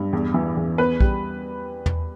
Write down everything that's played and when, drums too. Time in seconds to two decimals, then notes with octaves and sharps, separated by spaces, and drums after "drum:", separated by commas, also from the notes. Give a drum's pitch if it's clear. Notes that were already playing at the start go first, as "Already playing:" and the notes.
Already playing: G2
0.13 E2
0.34 E3
0.57 E2
0.78 B3 B4
1.00 G3, drum: kick
1.86 drum: tom